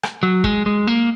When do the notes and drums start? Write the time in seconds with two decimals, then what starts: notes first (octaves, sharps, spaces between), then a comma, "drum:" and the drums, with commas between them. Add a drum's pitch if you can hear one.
0.03 drum: rim click
0.23 F#3
0.44 G#3, drum: kick
0.66 G#3
0.87 A#3